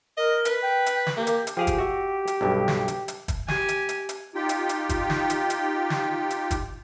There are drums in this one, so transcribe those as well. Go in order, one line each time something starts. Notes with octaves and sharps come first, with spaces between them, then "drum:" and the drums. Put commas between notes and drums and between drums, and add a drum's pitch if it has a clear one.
A#4 D#5
B4, drum: hi-hat
G5
drum: hi-hat
drum: snare
A#3 G4
drum: hi-hat
drum: hi-hat
F3 G4 G#4 F5
drum: kick, hi-hat
F#4 E5
drum: hi-hat
B1 G2 B2
drum: snare
drum: hi-hat
drum: hi-hat
drum: kick, hi-hat
G4 G#5, drum: snare
drum: hi-hat
drum: hi-hat
drum: hi-hat
D#4 F4 G4 G5
drum: hi-hat
drum: hi-hat
drum: kick, hi-hat
drum: snare
drum: hi-hat
drum: hi-hat
drum: snare
drum: hi-hat
drum: kick, hi-hat